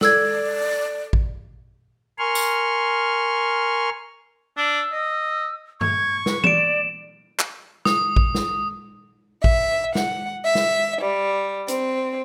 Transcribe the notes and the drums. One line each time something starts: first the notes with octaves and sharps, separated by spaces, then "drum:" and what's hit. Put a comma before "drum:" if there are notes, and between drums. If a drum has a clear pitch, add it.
A4 D5 E6 G#6, drum: snare
drum: kick A1
A#4 G#5 C6 C#6 F6
drum: tambourine
D4 E6
D#5
C#6 G#6, drum: tom G2
B4, drum: snare
D5 D7 E7, drum: tom E3
drum: clap
D#6, drum: snare
drum: kick A1
drum: snare
E5, drum: kick A1
F#5, drum: snare
E5
drum: snare
G3
C4, drum: hi-hat